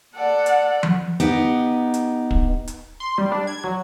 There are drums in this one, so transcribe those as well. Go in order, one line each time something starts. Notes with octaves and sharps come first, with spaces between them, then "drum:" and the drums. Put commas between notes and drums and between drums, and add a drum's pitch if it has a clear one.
A4 D5 F#5
drum: hi-hat
drum: tom F3
B3 D#4 G4, drum: hi-hat
drum: hi-hat
drum: kick
drum: hi-hat
C6
G3
D4
G#6
F#3